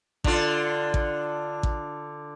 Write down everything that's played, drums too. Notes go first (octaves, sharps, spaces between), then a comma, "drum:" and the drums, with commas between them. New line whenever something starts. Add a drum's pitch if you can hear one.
D3 F4, drum: kick A1
drum: kick A1
drum: kick A1